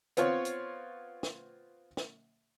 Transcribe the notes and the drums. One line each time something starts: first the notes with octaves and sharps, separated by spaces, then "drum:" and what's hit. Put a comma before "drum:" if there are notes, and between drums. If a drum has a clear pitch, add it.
B3 C4 F4 C#5, drum: hi-hat
drum: hi-hat
drum: snare
drum: snare